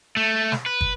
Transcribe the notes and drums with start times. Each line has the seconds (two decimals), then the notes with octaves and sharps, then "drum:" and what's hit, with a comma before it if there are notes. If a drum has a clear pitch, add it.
0.17 A3
0.52 drum: snare
0.66 B4
0.81 drum: kick